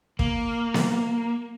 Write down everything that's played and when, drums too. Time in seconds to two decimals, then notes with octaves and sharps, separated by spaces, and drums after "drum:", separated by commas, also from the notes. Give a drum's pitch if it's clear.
0.19 A#3, drum: kick
0.74 drum: snare B3